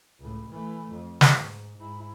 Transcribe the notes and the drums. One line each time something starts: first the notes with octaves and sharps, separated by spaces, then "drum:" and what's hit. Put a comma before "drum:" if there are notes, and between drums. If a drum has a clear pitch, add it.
C#2 A2
E3 A3
F2
drum: snare
G#2
G#2 E4